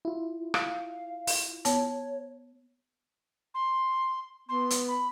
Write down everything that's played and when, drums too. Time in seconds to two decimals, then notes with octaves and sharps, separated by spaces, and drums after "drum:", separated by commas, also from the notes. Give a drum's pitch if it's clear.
0.05 E4 F4
0.54 F5, drum: rim click
1.27 drum: open hi-hat
1.65 B3 C#5 A5, drum: hi-hat
3.54 C6
4.49 B3 C6
4.70 drum: hi-hat
4.88 B5